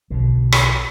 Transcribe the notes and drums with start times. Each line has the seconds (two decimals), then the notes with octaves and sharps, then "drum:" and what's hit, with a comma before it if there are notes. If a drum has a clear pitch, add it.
0.10 B1 B2 D3
0.52 drum: rim click